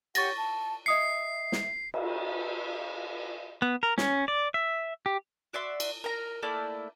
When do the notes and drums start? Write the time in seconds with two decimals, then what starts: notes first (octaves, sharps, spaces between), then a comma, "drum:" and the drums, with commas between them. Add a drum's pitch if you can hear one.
0.15 G4 C#5 F#5 C#6 A6 A#6, drum: cymbal
0.36 A5
0.86 D#5 E5 D#6 C7 C#7
1.52 drum: snare
1.94 drum: cymbal
3.62 B3
3.83 A#4
3.98 C#4, drum: snare
4.28 D5
4.54 E5
5.06 G4
5.53 F#4 D5 E5 C6
5.80 drum: cymbal
6.04 A#4 A#5
6.43 A3 A#3 E4 D5